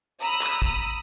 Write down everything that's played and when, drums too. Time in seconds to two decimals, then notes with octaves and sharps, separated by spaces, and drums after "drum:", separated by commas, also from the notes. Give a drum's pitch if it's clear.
0.21 A#5 B5 D#6 E6
0.42 drum: clap
0.62 drum: kick